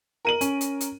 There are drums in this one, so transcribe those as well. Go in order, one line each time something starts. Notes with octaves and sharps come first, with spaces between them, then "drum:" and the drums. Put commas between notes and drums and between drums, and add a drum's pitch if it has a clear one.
A#4 D#7 F#7
C#4, drum: hi-hat
drum: hi-hat
drum: hi-hat